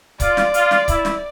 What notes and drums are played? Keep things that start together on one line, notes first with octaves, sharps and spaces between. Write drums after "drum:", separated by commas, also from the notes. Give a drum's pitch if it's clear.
F4 D5, drum: kick C#1, hi-hat
drum: snare
F4, drum: hi-hat
drum: snare
E4, drum: kick C#1, hi-hat
drum: snare